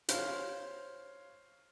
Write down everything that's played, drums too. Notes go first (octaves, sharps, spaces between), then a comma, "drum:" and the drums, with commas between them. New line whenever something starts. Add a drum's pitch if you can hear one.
C5 C#5 F5 F6, drum: hi-hat